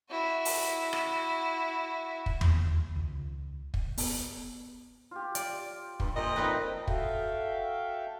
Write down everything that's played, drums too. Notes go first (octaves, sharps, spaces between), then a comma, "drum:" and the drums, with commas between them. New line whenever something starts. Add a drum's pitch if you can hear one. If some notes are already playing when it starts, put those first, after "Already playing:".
E4 F#4
drum: open hi-hat
drum: rim click
drum: kick
D#2, drum: tom E2
C#2
drum: kick
B3, drum: open hi-hat
F4 G4
D5, drum: hi-hat
G2, drum: kick
A#2 C5 D#5 E5 G5
A3 C4 D#4 B4 C#5 E5
F#4 A4 E5 F5 G5, drum: kick